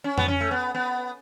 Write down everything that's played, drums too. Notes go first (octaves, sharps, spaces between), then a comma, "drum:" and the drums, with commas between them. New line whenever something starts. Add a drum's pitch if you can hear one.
C#4
B3, drum: tom F2
C#4
A3
B3
B3